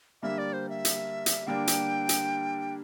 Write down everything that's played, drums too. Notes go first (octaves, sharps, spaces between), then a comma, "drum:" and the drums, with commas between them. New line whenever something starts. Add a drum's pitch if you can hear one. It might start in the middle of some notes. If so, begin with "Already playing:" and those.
D3 G3 A#3 E5
D5
C5
E5
drum: hi-hat
drum: hi-hat
D3 G3 A#3 D4 G5
drum: hi-hat
drum: hi-hat